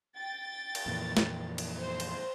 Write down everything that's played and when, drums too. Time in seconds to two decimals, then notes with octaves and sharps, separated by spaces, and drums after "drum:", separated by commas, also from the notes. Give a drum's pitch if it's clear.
0.17 G5 A6
0.75 drum: cymbal
0.86 F2 A#2 E3
1.17 drum: snare
1.58 drum: cymbal
1.79 C5
2.00 drum: cymbal